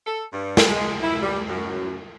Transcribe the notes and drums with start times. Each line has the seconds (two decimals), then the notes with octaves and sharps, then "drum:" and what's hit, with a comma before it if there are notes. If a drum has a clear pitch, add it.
0.06 A4
0.32 G2
0.57 drum: snare
0.68 G#3
1.03 E4
1.22 G3
1.48 F#2